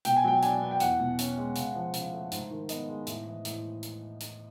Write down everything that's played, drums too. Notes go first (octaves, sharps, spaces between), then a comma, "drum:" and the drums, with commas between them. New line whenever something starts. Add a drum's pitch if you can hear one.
B2 G5, drum: hi-hat
G#5
F#3 G5
D4 G#5, drum: hi-hat
B3
G5
E2 F#5, drum: hi-hat
B2
C#4, drum: hi-hat
G#3
C#3, drum: hi-hat
F3
C#3, drum: hi-hat
A3
G#2, drum: hi-hat
D#3
B3 D#5, drum: hi-hat
G#3
A2, drum: hi-hat
E3
A2, drum: hi-hat
drum: hi-hat
drum: hi-hat